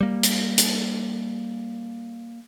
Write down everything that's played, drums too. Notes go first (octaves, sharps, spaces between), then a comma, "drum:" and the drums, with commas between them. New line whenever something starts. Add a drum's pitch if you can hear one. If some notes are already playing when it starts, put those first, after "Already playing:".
G3 A#3
drum: hi-hat
drum: hi-hat